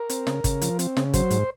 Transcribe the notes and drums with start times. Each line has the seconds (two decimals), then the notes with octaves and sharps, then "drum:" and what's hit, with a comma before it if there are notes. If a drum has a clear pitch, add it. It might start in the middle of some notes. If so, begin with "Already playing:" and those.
Already playing: A#4
0.09 C4, drum: hi-hat
0.27 C#3, drum: snare
0.44 C#3, drum: kick, hi-hat
0.61 F3, drum: hi-hat
0.79 C4, drum: hi-hat
0.97 C#3, drum: snare
1.14 F#3 C5, drum: kick, hi-hat
1.30 G#2, drum: hi-hat